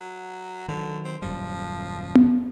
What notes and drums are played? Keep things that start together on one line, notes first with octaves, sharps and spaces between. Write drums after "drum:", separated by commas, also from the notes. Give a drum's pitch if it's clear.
F#3
D3 D#3 F3 F#3
C4
D#1 F#2 F3 G3
drum: tom B3